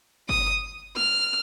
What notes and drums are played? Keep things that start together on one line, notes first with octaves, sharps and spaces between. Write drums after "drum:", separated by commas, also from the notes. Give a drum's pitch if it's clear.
D#6, drum: kick G1
F6, drum: snare